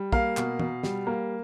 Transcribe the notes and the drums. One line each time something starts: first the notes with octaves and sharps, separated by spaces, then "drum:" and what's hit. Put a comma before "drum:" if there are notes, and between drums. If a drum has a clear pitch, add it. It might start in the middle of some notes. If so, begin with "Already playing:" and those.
Already playing: G3
A#3 F5, drum: kick
B2, drum: clap
B2, drum: tom
G3, drum: snare
A#3